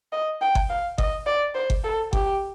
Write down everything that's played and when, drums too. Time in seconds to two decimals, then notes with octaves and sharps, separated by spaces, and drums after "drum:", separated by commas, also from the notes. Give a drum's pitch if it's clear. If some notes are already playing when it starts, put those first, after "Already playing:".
0.13 D#5
0.41 G5
0.55 drum: kick G1
0.70 F5
0.98 D#5, drum: kick G1
1.26 D5
1.55 C5
1.70 drum: kick G1
1.84 A4
2.13 G4, drum: kick G1